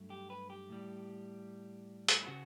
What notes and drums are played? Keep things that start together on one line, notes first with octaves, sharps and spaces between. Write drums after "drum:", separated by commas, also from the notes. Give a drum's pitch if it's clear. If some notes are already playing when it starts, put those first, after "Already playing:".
Already playing: G2 F#3 A3
G4
B4
G4
A2 G3
drum: hi-hat
E4
C#3 F#4